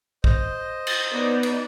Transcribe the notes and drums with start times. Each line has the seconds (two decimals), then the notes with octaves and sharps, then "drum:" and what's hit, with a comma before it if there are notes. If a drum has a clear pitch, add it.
0.24 C5 D#5, drum: kick
0.87 drum: cymbal
1.11 B3 D#4 D5
1.43 drum: cymbal